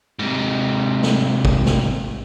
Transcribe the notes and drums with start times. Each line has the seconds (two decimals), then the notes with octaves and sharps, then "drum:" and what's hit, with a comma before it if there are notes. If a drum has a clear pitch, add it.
0.19 G#2 C3
1.03 drum: snare
1.45 drum: kick
1.66 drum: snare